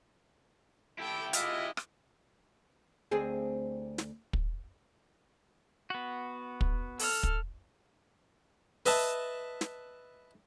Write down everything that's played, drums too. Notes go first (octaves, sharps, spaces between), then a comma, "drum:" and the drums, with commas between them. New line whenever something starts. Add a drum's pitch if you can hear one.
E4 G4 A4 G5
G#3 F4 D#5 E5, drum: hi-hat
drum: rim click
D2 C4 G#4
drum: snare
drum: kick
B3 F#4
drum: kick
A4 F6, drum: open hi-hat
drum: kick
B4 D#5 E5 A5, drum: open hi-hat
drum: snare